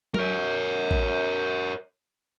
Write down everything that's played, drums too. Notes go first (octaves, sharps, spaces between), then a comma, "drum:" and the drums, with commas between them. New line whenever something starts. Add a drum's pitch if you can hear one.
A#4 C#5, drum: tom
drum: kick A1